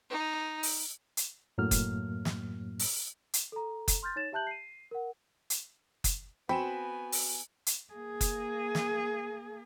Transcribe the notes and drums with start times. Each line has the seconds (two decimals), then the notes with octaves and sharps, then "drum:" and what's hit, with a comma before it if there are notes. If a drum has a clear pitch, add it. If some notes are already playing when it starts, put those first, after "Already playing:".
0.10 D#4
0.63 drum: open hi-hat
1.17 drum: hi-hat
1.58 F#2 A2 F#3 A#3 F6
1.71 drum: kick F#1, hi-hat
2.25 drum: snare
2.79 drum: open hi-hat
3.34 drum: hi-hat
3.52 A4 A#5
3.88 drum: kick F#1, hi-hat
4.03 C6 F6 G6 A6
4.16 D#4 C#5 A6 E7
4.32 G4 E5 A5 F#6 G6 F#7
4.47 C7 D#7
4.91 A#4 F#5
5.50 drum: hi-hat
6.04 drum: kick F#1, hi-hat
6.49 B3 C4 F#4 G5 G#5 B5 E7
7.12 drum: open hi-hat
7.66 drum: hi-hat
7.94 A#3 G#4
8.21 drum: kick F#1, hi-hat
8.75 drum: snare